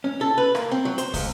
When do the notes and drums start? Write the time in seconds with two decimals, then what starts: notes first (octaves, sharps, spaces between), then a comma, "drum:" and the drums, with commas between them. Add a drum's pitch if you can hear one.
0.04 C#4
0.21 A4
0.38 B4
0.55 A#3, drum: rim click
0.71 C4
0.85 F#3
0.98 C5, drum: hi-hat
1.14 C#2, drum: kick, open hi-hat